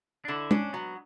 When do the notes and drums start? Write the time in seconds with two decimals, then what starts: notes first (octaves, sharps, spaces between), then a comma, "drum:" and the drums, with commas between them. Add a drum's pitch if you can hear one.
0.25 D4
0.28 D3 E4
0.51 C#4 D4, drum: tom
0.73 F#3 B3